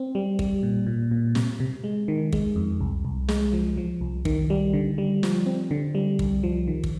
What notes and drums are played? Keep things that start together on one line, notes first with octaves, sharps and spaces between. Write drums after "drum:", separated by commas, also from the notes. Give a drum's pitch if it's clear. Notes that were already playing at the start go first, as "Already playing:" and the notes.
Already playing: C4
G3
G3, drum: kick
A#2
A#2
A#2
C3, drum: snare
C3
G#3
D#3
G#3, drum: kick
F2
C2
C2
G#3, drum: snare
F3
F3
C2
D#3, drum: kick
G3
D3
G3
F3, drum: snare
C4
D3
G3
C2, drum: kick
F3
D#3
drum: kick